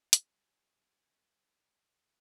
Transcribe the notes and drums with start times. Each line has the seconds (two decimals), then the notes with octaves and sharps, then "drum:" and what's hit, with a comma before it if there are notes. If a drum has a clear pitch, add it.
0.13 G3 G#5, drum: hi-hat